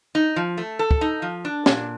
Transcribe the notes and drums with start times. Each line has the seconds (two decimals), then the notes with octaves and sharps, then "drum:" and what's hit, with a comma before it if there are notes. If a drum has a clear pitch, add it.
0.15 D#4
0.36 F3
0.58 A3
0.79 A4
0.91 drum: kick
1.01 D#4
1.22 F3
1.45 D4
1.66 A#2, drum: snare